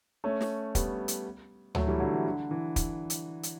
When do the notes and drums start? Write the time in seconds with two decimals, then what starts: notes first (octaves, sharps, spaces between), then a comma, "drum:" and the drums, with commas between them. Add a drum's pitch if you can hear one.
0.24 A3 C#4
0.41 drum: snare
0.75 G3 B3, drum: kick, hi-hat
1.08 drum: hi-hat
1.75 F#3 A3, drum: tom D2
1.87 E3 G3
2.00 D3 F#3
2.14 E3
2.26 D3
2.51 E3
2.76 drum: kick, hi-hat
3.10 drum: hi-hat
3.43 drum: hi-hat